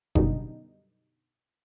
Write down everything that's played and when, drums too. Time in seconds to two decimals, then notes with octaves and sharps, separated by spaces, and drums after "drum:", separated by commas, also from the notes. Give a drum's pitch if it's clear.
0.15 F#2 B2 D3 G3 D#4, drum: kick F#1